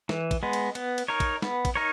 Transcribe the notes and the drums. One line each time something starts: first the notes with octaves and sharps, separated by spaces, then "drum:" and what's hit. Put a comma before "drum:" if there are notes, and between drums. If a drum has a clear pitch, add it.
E3, drum: snare
drum: kick, cymbal
G#3 B3
drum: cymbal
B3, drum: cymbal
drum: cymbal
D#4 A#4 C#5
drum: kick, cymbal
B3, drum: snare
drum: kick, cymbal
D#4 A#4 C#5